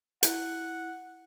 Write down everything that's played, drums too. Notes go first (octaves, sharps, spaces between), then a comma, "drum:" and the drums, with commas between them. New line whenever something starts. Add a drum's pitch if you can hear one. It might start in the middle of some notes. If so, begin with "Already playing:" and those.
E4 F#5, drum: hi-hat